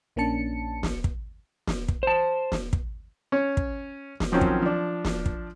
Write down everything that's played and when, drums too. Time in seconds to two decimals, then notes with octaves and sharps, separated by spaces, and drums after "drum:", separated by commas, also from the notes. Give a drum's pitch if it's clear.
0.16 A#1 A#3 C#4 D4 A5 C#7
0.83 drum: snare
1.04 drum: kick
1.67 drum: snare
1.89 drum: kick
2.03 C5 A5
2.52 drum: snare
2.73 drum: kick
3.32 C#4 C#5
3.57 drum: kick
4.20 drum: snare
4.32 D#3 F3 F#3 C4 C#4
4.41 drum: kick
4.62 F3 D4
5.05 drum: snare
5.26 drum: kick